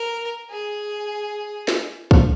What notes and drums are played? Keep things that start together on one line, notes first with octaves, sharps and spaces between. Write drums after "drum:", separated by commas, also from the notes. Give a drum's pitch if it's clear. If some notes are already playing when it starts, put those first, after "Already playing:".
Already playing: A#4
G#4
drum: snare
drum: kick